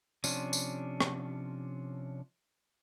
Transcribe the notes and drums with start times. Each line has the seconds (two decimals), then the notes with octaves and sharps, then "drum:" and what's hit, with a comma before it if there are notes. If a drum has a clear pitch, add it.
0.24 C3 F3 C#4 D4, drum: tambourine
0.53 drum: tambourine
1.00 drum: rim click